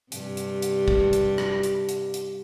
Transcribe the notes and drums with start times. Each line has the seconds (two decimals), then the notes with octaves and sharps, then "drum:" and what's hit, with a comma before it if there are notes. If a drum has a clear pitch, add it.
0.12 G2 C3, drum: hi-hat
0.37 drum: hi-hat
0.62 drum: hi-hat
0.88 drum: kick
1.13 drum: hi-hat
1.38 drum: rim click
1.63 drum: hi-hat
1.89 drum: hi-hat
2.14 drum: hi-hat